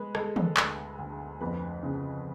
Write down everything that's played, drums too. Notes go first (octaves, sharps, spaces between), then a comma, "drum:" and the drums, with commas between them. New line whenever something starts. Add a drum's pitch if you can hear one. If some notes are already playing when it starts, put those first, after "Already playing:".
Already playing: G#3 B4
G#3 A4, drum: rim click
A4, drum: tom
D2, drum: clap
D2
F2 B4
C#3